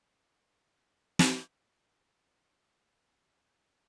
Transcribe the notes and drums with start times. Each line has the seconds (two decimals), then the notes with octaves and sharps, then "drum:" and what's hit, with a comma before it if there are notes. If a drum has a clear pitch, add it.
0.16 F3 G#3 A#3
0.55 C3 F#3 F#4 F#5
1.19 drum: snare
1.87 C#2
3.10 C#4